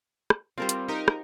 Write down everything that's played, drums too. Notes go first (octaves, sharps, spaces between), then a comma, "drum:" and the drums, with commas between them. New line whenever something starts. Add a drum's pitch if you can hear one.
drum: rim click
G3 C4 F4 A#4 C5
drum: hi-hat
D#4 G4 A#4
drum: rim click